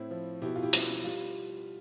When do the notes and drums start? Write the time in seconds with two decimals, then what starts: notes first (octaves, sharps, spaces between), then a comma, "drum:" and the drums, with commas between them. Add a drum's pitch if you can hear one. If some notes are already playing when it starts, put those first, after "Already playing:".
Already playing: A2 C4 E4
0.10 F3
0.42 B2 E4 G4
0.56 F4
0.63 E4 G4
0.73 G3, drum: hi-hat
1.04 G3 F4